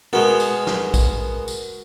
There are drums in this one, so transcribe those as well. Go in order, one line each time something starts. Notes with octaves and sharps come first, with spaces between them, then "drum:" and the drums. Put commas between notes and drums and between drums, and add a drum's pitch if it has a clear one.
B2 G#3 B3 F#4 A#4
drum: tambourine
drum: snare
drum: kick A#1, tambourine
drum: tambourine